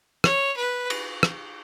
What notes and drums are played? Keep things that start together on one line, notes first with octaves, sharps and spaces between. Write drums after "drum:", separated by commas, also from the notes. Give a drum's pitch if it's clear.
C#5, drum: rim click
B4
drum: cymbal
drum: rim click